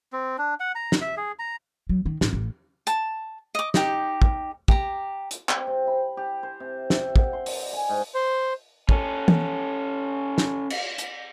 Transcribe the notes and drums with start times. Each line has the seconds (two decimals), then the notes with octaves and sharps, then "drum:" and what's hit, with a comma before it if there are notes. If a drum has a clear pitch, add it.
0.13 C4
0.38 D4
0.60 F#5
0.75 A#5
0.92 drum: snare
1.01 E5
1.17 G#4
1.39 A#5
1.89 F#3
2.06 D#3
2.21 A1, drum: snare
2.33 A1
2.87 A5, drum: hi-hat
3.55 D#5 D6
3.74 D#4 G4, drum: snare
4.22 drum: kick
4.68 G4 A#5, drum: kick
5.31 drum: hi-hat
5.49 C4, drum: clap
5.67 C3
5.87 B5
6.17 G4
6.43 C5
6.60 C3
6.90 E5, drum: snare
7.16 F#5, drum: kick
7.33 C6
7.46 D5, drum: open hi-hat
7.73 G#5
7.89 G#2
8.14 C5
8.89 C#4 A4, drum: kick
9.28 drum: tom
10.38 drum: snare
10.70 drum: cymbal
10.98 drum: hi-hat